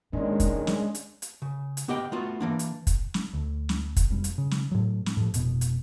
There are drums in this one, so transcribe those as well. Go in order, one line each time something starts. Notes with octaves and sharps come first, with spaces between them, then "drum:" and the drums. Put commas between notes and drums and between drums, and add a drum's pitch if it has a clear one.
A#2 D#3 G#3 C#4 D4
drum: kick, hi-hat
drum: snare
drum: hi-hat
drum: hi-hat
C#3
drum: hi-hat
B3 G4 D#5 G5
A3 B3 F4 F#4
E3 A#3 D4
drum: hi-hat
drum: kick, hi-hat
drum: snare
D2
drum: snare
drum: kick, hi-hat
F1 G3
drum: hi-hat
C#3
drum: snare
A2 F#3
drum: snare
A2 F3
F1 B2, drum: hi-hat
drum: hi-hat